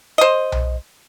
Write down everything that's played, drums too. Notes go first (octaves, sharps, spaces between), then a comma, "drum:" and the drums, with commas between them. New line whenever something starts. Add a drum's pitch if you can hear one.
C5 D#5
drum: tom B1